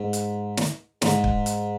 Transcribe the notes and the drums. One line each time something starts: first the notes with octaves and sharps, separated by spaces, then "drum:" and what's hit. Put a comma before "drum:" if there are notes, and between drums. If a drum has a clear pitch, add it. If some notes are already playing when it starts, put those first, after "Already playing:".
Already playing: G#2
drum: hi-hat
drum: snare
G#2, drum: snare
drum: kick
drum: hi-hat